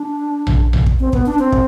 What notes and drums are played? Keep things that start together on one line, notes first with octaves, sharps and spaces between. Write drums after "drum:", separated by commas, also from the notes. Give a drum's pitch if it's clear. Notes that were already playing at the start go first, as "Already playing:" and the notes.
Already playing: D4
drum: tom A#1
drum: tom A#1
drum: kick
C4
B3, drum: kick
D4
C4
drum: kick